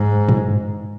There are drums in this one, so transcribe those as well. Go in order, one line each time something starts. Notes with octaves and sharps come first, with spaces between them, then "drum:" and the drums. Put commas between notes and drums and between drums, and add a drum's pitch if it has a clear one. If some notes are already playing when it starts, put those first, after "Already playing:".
Already playing: G#2
drum: tom